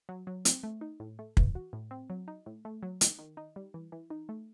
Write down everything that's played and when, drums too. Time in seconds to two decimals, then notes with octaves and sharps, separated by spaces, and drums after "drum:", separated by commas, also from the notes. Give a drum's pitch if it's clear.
0.09 F#3
0.27 F#3
0.45 C4, drum: hi-hat
0.63 A3
0.81 D#4
1.00 A2
1.19 A3
1.37 E3, drum: kick
1.55 F#4
1.73 A2
1.91 C4
2.10 F#3
2.28 D#4
2.46 A2
2.65 A3
2.83 F#3
3.01 D#3, drum: hi-hat
3.19 D#3
3.37 D#4
3.56 G3
3.74 E3
3.92 E3
4.10 D#4
4.29 A3